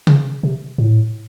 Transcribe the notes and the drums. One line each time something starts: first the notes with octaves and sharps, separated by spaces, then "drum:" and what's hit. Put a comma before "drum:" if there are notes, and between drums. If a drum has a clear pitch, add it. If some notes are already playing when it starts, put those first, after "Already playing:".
C#3, drum: tom C3
C3
A2